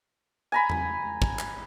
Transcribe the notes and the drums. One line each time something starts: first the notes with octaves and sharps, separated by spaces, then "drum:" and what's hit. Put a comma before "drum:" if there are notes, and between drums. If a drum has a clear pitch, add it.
G#5 A#5 B5
drum: tom E2
drum: kick
drum: clap